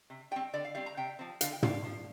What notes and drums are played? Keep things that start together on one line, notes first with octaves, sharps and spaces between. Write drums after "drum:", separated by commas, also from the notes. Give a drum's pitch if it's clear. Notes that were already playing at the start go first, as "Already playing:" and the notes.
C3
G3 C4 G5
D3 D5
F5
G3 C4 F5
A#5
C3 G5
F3 C4
D3 F5, drum: hi-hat
G5
G3 D4 F5, drum: tom
F3